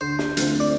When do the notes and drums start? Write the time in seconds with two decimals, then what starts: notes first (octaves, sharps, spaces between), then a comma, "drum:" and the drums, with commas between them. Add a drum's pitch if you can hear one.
0.01 D2 C5
0.19 drum: snare
0.37 D3 A3 C4 F4, drum: hi-hat
0.60 D5